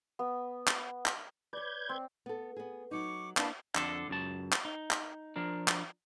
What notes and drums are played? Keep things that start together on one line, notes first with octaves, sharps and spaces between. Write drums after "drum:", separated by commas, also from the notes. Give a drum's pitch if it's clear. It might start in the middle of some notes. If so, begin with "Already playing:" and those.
B3
drum: clap
drum: clap
B4 C#5 D5 G6 G#6
C4
B3 A4
B3 G#4
F#3 D#4 C#6 D6
A#3 D4 E4 B4 F5 A5, drum: clap
F2 D3 D4 A4, drum: clap
C#2 F#2 A5
drum: clap
D#4
drum: clap
F3 D4 A#4
drum: clap